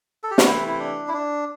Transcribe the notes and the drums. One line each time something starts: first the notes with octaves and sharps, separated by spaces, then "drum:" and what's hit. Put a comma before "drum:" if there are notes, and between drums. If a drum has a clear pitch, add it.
A4
G4
F#4, drum: snare
C3 E3 A3 E4
E4
D4
E4
D4